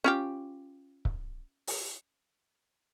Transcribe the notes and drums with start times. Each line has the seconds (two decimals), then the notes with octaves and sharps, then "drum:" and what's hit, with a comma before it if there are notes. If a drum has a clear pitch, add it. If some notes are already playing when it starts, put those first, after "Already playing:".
0.04 C#4 F4 G4
1.05 drum: kick C#1
1.67 drum: open hi-hat